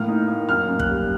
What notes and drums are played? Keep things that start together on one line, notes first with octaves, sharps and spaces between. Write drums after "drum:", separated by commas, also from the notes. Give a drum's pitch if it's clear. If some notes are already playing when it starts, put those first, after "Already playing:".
Already playing: A2 A#3 F6
D#4
A#3
F#2 F6
F#2
F#6, drum: kick
G3